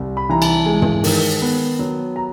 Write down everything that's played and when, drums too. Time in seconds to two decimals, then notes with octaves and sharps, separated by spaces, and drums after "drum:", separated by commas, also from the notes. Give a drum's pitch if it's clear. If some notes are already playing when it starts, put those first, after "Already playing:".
Already playing: C2
0.17 B5
0.29 E3 A#5
0.42 A5, drum: cymbal
0.66 G#3
0.82 drum: tom
1.04 D#3, drum: open hi-hat
1.42 B3
1.79 F#3
2.16 A#5